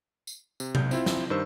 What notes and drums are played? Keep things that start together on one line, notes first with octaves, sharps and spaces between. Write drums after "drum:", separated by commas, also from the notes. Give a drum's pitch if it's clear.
drum: tambourine
C3, drum: tambourine
B1 G6, drum: tom C3
C4 E4 F4, drum: tambourine
drum: snare
G2 D#3 C5 E6